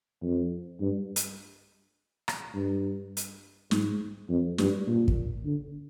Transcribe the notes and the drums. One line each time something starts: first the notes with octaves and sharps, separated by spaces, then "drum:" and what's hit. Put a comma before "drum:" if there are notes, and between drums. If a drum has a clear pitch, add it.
F2
G2
drum: hi-hat
drum: rim click
G2
drum: hi-hat
G#2, drum: snare
F2
G2, drum: snare
A#2
drum: kick
D3